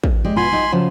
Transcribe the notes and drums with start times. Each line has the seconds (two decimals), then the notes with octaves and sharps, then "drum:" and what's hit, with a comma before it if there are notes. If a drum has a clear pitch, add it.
0.04 drum: kick A1
0.24 G#3 G4 D5
0.36 B2 B3 F4 G#5 B5 C6
0.51 G3 D#4 F#4
0.72 C#3 F3 F#3